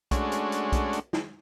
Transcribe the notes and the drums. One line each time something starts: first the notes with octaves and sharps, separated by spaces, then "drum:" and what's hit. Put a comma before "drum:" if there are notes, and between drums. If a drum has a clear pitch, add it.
G#3 A3 C#4 D4 F#4, drum: kick B1, hi-hat
drum: hi-hat
drum: hi-hat
drum: kick B1, hi-hat
drum: hi-hat
drum: snare